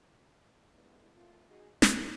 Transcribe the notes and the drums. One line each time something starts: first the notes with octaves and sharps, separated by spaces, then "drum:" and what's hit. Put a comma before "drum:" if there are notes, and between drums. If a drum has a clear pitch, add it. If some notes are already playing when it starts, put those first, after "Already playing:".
D2 D3 G3 G#3 B3 E4
A3 A#3 C4 F4
D#4 F#4 G#4
D2 G#3 A#3, drum: snare